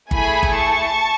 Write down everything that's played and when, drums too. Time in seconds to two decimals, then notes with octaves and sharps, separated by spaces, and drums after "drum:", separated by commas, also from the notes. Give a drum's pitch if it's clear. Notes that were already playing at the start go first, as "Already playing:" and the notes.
0.11 A3 E4 G#4 G#5 B5, drum: kick G1
0.43 drum: kick G1
0.54 A5 C#6